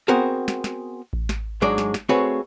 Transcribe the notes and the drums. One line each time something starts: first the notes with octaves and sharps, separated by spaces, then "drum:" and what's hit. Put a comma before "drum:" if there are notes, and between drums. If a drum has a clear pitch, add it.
B3 C4 F#4 G#4 A#4 C5
drum: snare
drum: snare
drum: kick A1
drum: snare
G#2 F#3 G#3 D4 D5
drum: snare
drum: snare
A3 C4 F#4 G#4 B4 C#5